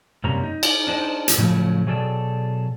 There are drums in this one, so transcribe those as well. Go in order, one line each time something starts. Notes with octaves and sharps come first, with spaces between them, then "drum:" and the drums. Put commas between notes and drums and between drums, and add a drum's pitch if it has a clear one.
F#2 C3 G3 A#3 C#4 A#5
D#4
drum: cymbal
D4 D#4 C5 G5
drum: hi-hat
A2 C#3 F3 F#3 A3
B2 F#3 G#4 A4 D5 G5